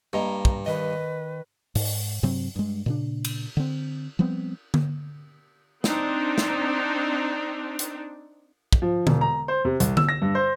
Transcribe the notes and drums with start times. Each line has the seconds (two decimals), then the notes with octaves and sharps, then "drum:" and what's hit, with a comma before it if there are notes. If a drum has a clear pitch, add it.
0.13 G2 A#3 D#5 A#5
0.45 drum: kick
0.66 D#3 B4 D#5
1.75 G#2, drum: open hi-hat
2.23 G2 C3 F#3 C4
2.56 G2 G#3
2.86 A#2 C#3 D4
3.25 drum: cymbal
3.57 D3 C4
4.19 F3 G3 B3 C4
4.74 drum: tom D3
5.84 C4 D4 D#4, drum: snare
6.38 drum: snare
7.79 drum: hi-hat
8.73 drum: kick
8.82 F3
9.07 E1, drum: tom D3
9.21 A#5
9.48 C5
9.65 C3
9.80 C2, drum: hi-hat
9.97 E6, drum: tom D3
10.09 A#6
10.22 G2
10.35 C5